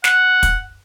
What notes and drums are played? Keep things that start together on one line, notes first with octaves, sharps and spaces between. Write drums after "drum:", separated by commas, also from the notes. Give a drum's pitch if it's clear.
F#5, drum: snare
drum: kick, hi-hat